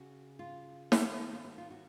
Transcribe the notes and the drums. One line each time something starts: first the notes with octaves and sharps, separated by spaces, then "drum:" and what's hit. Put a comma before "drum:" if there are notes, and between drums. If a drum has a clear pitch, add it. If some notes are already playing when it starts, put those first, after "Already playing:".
Already playing: C#3 F#4
F4
D#3 A#3, drum: snare
F4
F#4
F4
F#4